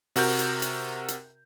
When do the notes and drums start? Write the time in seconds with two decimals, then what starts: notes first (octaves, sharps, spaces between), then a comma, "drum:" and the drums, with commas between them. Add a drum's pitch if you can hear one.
0.16 C3 F#4 A#4 G6, drum: open hi-hat
0.39 drum: hi-hat
0.62 drum: hi-hat
1.08 drum: hi-hat